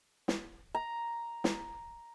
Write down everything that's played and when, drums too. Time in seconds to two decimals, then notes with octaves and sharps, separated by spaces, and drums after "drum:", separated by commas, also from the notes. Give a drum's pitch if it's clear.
0.28 drum: snare
0.74 A#5
1.44 drum: snare